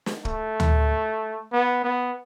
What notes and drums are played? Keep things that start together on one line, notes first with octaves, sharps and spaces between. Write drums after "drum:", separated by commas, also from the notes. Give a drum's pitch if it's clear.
drum: snare
A3, drum: kick
drum: tom D2
B3
B3